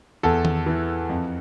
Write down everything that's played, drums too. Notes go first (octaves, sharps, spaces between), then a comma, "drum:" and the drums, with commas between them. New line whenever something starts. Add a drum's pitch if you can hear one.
E2 A4
drum: tom D#3
E3
F2